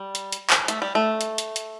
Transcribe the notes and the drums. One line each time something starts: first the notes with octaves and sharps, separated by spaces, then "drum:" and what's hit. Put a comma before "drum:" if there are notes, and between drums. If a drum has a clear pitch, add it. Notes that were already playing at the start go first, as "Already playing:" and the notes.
Already playing: G3
drum: hi-hat
drum: hi-hat
drum: clap
A3, drum: hi-hat
G3
A3
drum: hi-hat
drum: hi-hat
drum: hi-hat